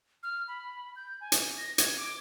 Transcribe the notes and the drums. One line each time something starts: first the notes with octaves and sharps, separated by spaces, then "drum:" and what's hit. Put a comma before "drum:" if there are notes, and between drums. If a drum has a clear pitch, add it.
F6
B5
G6
G#5
drum: hi-hat
A#6
G#6, drum: hi-hat
D6